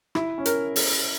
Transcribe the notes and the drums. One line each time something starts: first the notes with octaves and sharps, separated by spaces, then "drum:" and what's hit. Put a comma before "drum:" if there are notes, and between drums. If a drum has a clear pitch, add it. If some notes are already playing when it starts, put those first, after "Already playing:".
E4, drum: rim click
C#4
A#4, drum: hi-hat
drum: open hi-hat